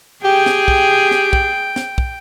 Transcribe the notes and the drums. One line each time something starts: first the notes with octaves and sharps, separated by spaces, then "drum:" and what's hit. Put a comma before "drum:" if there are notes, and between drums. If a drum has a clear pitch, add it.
G4 G#4 G5
drum: snare
drum: kick
drum: snare
drum: kick
drum: snare
drum: kick